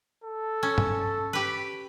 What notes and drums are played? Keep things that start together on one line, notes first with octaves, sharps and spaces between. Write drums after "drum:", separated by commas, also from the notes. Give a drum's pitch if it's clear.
A4
C#4
drum: tom G2
G4 B4